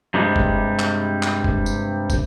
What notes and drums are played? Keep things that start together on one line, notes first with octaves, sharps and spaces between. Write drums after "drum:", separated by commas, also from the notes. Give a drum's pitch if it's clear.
G2 C3 G3 G#3
drum: kick
drum: clap
drum: clap
drum: kick
drum: tambourine
drum: kick, tambourine